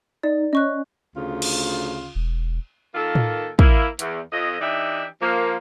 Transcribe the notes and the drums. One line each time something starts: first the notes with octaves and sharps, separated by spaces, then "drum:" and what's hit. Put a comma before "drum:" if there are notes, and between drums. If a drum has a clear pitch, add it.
D#4 D5
C#4 D#5 C#6 F#6
D2 C#3 F4
drum: cymbal
E1
D#3 A#3 F4 A4
drum: tom A2
A#3 E4, drum: kick
E2, drum: hi-hat
F2 D#5
E3 D4 D#4 G4 E5
F3 A#3